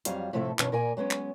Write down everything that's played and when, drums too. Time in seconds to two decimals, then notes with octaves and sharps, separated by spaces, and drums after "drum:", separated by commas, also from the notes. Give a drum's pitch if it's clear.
0.05 F2 F#3 G3 F5, drum: hi-hat
0.33 A2 C3 F3 A3 A4 E5
0.59 F#2 B2 D#3 E3 C#4, drum: clap
0.72 A#2 A#4 D5 G#5
0.97 F#3 G#3 B3 C#4
1.11 drum: clap